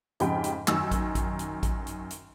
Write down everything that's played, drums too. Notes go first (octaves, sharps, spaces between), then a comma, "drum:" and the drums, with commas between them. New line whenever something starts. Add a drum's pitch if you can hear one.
F2 G#2 C#3 G4 G5 B5, drum: hi-hat
drum: hi-hat
F#2 D#3 E6, drum: clap
drum: kick A1, hi-hat
drum: kick A1, hi-hat
drum: hi-hat
drum: kick A1, hi-hat
drum: hi-hat
drum: hi-hat